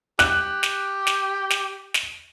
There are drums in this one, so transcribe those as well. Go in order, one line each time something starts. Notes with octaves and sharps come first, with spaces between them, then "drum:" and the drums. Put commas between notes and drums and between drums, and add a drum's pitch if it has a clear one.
G4 F#6, drum: snare
drum: snare
drum: snare
drum: snare
drum: snare